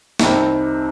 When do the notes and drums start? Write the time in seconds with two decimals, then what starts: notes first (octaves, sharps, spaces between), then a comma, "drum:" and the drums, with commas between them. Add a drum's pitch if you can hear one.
0.19 C2 C3 G3 C4 D#4, drum: snare